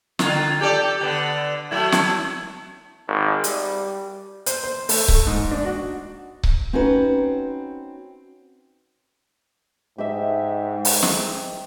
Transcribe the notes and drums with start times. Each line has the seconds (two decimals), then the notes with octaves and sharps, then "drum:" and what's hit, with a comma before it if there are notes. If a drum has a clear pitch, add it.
0.19 D3 F4, drum: snare
0.61 G4 A4 D5
1.01 D3 B3
1.71 F#3 A3 E4
1.92 drum: snare
3.08 G#1
3.44 G3, drum: hi-hat
4.46 C5, drum: hi-hat
4.64 C5
4.89 A3, drum: open hi-hat
5.08 A3, drum: kick C#1
5.27 G#2
5.51 D4
5.65 F#4
6.43 drum: kick C#1
6.73 C4 C#4 D#4 F#4 B4
9.98 G#2 G4 D#5 E5
10.85 drum: open hi-hat
11.03 drum: snare